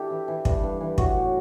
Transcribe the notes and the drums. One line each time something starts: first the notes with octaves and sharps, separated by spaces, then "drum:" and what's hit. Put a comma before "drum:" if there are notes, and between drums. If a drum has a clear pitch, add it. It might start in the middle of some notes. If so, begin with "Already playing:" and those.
Already playing: D4 E4 G4 A4
E3
E3
G2, drum: kick
G2
E3
F#3 F#4, drum: kick
A2